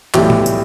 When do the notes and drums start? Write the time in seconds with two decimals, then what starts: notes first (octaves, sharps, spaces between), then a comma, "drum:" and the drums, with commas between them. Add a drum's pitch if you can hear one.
0.14 B1 A2 E3 G3 G4, drum: clap
0.30 drum: tom A2
0.46 drum: tambourine